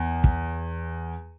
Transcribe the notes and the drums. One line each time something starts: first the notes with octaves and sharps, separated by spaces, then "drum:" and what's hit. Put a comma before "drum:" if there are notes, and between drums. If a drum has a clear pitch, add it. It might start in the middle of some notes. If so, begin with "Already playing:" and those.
Already playing: E2
drum: kick